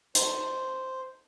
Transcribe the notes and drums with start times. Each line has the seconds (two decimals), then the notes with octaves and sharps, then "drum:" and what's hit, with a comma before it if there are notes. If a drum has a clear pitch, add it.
0.15 C5, drum: hi-hat